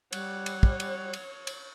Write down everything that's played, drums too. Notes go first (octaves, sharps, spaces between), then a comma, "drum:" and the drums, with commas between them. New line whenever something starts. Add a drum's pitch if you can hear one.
G3 C#5 F#5, drum: cymbal
drum: cymbal
drum: kick
drum: cymbal
drum: cymbal
drum: cymbal